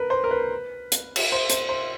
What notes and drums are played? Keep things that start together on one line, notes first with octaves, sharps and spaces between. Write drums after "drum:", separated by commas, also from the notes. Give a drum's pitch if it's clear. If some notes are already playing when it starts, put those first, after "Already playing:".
Already playing: A#4 B4
C5
A#4
B4
drum: hi-hat
drum: cymbal
C5
C5, drum: hi-hat
C5